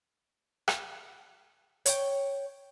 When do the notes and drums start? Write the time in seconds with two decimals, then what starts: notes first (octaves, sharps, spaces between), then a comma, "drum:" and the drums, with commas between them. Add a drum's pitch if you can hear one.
0.68 drum: rim click
1.86 C#5 G5, drum: hi-hat